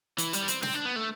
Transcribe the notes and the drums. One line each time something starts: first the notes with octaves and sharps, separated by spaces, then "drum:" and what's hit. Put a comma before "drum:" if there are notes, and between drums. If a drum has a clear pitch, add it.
E3, drum: hi-hat
G3, drum: hi-hat
D4
C4, drum: hi-hat
C4, drum: snare
D4
B3
A3